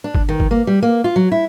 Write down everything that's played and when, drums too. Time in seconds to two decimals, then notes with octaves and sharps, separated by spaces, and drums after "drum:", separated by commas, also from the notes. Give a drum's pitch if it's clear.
0.04 D4
0.15 drum: kick G1
0.29 D#3
0.40 drum: kick G1
0.51 A#3
0.67 G3
0.83 A#3
1.04 F4
1.16 F#3
1.32 E4